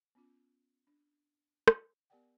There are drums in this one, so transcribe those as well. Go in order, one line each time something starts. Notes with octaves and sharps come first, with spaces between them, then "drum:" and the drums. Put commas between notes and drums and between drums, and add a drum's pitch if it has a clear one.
B3 C#4 F4
D4
drum: rim click
B3 G4 A#4 D5 F#5 G5